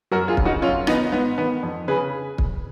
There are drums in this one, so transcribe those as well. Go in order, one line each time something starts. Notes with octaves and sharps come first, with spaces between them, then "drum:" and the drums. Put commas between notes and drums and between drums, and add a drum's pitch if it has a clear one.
F#2 F#4 A#4
F4 G#4
C#3, drum: kick
D#4 F#4
F#2 C#4 F4
D#3 B3 D#4, drum: rim click
G#2 B3
D#3 B3
F2
C#3 G#4 B4
drum: kick